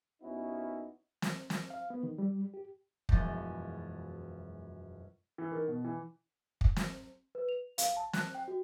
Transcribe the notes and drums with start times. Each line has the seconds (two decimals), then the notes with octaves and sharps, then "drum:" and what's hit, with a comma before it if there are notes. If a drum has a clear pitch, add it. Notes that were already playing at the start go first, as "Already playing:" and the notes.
0.22 D#2 B3 C#4 D#4 E4 F#4
1.22 drum: snare
1.50 drum: snare
1.70 F5
1.90 B3
2.03 D#3
2.18 G3
2.54 G4
3.09 E1 F#2 E3 F3 G#3 G6, drum: kick
5.38 E3
5.51 D#3
5.68 B2
5.85 E3
6.61 drum: kick
6.76 drum: snare
7.35 B4
7.49 F7
7.78 F5, drum: hi-hat
7.97 A5
8.13 F#6, drum: snare
8.35 G5
8.48 F#4